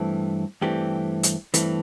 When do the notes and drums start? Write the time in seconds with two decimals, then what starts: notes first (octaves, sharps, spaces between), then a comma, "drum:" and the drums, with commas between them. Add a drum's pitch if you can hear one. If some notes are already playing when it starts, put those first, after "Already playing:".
Already playing: G2 E3 A3 C4
0.61 G2 E3 A3 C4 G4
1.23 drum: hi-hat
1.54 G2 E3 A3 C4, drum: hi-hat